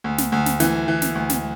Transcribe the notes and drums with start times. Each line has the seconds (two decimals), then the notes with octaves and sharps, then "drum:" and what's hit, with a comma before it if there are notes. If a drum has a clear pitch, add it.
0.04 D2
0.18 drum: snare
0.32 D2
0.46 drum: snare
0.60 E3, drum: snare
0.88 E3
1.02 drum: snare
1.15 D2
1.30 drum: snare